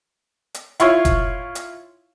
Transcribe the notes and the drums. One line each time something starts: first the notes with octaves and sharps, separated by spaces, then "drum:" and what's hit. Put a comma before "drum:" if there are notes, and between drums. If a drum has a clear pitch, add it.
drum: hi-hat
E4 F4 C#5, drum: hi-hat
drum: kick F1, hi-hat
drum: hi-hat